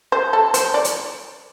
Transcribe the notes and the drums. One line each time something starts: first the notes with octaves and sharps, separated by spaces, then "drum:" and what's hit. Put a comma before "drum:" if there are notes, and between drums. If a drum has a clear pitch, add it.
C5
A4
C5, drum: hi-hat
D5
drum: hi-hat